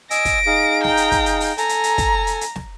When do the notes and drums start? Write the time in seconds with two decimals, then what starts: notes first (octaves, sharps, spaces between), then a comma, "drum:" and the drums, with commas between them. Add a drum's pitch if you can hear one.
0.11 D#5 G#5 E6 A#6 D7, drum: hi-hat
0.25 drum: kick, hi-hat
0.47 D#4 G#4 F5
0.84 G5 A#5, drum: snare
0.97 drum: hi-hat
1.12 drum: kick, hi-hat
1.26 drum: hi-hat
1.40 drum: open hi-hat
1.58 A4 G#5 A#5, drum: hi-hat
1.69 drum: hi-hat
1.84 drum: hi-hat
1.98 drum: kick, hi-hat
2.27 drum: hi-hat
2.41 drum: hi-hat
2.56 drum: snare